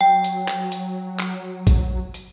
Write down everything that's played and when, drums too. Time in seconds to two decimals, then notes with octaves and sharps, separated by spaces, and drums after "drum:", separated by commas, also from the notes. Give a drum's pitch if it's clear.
0.01 F#3 G5
0.24 drum: hi-hat
0.48 drum: clap
0.72 drum: hi-hat
1.19 drum: clap
1.67 drum: kick, hi-hat
2.14 drum: hi-hat